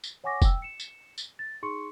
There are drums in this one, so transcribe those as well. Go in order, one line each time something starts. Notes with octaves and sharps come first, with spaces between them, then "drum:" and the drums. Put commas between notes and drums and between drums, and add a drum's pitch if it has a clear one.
drum: tambourine
C#5 F#5 G#5 C#6 D6 A#6
G5 E6, drum: kick, tambourine
C#7 E7
drum: tambourine
drum: tambourine
A6
D#4 G#4 C6 C#6 C#7